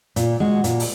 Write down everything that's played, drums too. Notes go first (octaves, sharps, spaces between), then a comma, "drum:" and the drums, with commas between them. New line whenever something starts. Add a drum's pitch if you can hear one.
A#2, drum: hi-hat
G#3 F#4
A#2, drum: hi-hat
drum: open hi-hat